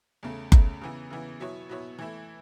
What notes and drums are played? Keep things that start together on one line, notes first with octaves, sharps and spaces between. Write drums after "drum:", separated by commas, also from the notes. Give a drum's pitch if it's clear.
E2 C#3 A3
E2 C#3 A3, drum: kick F#1
C#3 E3 B3
C#3 E3 B3
B2 F#3 B3 E4 C#5
B2 F#3 B3 E4 C#5
E3 A3 E4